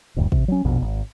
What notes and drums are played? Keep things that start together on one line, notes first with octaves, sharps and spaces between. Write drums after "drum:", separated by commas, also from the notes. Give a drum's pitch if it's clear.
D#1 D2 G2
C3, drum: kick
F#3 C#4
A#1 F2 B2
G#1